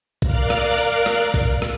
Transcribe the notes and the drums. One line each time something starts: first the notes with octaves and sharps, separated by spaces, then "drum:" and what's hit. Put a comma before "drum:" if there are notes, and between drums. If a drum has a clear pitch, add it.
A#4 D5 F5 D6 F6 F#6, drum: kick, hi-hat
drum: rim click
drum: hi-hat
drum: rim click
drum: kick, hi-hat
drum: rim click